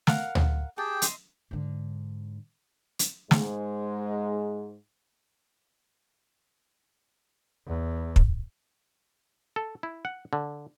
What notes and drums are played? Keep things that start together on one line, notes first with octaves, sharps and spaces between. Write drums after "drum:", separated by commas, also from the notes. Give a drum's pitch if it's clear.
A#4 F5 F#5, drum: snare
drum: tom D2
G4 G#4 G5 A5
D#5 E5 C6, drum: hi-hat
G#2 D3
drum: hi-hat
G#2 G#3, drum: snare
E2
drum: kick
A4
E4
F#5
D3